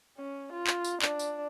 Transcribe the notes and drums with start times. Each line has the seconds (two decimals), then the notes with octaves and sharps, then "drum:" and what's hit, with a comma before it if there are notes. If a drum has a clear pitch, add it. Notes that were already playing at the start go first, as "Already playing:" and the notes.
0.17 C#4
0.53 F4
0.67 drum: clap
0.84 drum: tambourine
1.02 D4, drum: clap
1.19 drum: tambourine